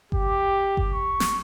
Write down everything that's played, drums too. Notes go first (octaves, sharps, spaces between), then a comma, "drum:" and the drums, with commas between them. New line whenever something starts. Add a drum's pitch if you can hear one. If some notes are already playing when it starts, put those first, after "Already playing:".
G4, drum: kick G1
drum: kick G1
C#6
drum: snare